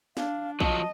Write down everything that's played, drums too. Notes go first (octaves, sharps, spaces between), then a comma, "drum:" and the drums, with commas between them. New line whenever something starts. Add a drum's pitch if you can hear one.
D4 F5, drum: snare
F3 F#3 D#5 A5, drum: kick A#1